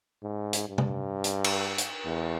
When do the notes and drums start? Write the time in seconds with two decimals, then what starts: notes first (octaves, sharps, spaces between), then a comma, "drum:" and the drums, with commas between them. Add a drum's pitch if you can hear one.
0.23 G#2
0.53 drum: hi-hat
0.69 G2
0.78 drum: tom
1.24 drum: hi-hat
1.44 drum: cymbal
1.78 drum: hi-hat
2.05 E2